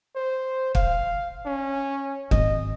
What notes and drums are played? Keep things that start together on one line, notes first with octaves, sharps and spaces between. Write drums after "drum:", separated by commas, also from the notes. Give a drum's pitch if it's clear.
C5
F5, drum: kick
C#4
G#1 D#5, drum: kick